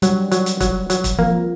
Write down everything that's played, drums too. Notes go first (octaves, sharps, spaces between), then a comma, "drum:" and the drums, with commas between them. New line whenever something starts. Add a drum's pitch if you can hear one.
F#3 G3, drum: hi-hat
F#3, drum: hi-hat
drum: hi-hat
F#3, drum: kick, hi-hat
F#3, drum: hi-hat
drum: kick, hi-hat
F3 A#3